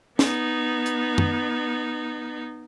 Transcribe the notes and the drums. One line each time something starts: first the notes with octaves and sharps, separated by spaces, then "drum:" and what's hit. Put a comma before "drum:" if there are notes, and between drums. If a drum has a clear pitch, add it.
B3 D#4, drum: snare
drum: hi-hat
drum: tom F#2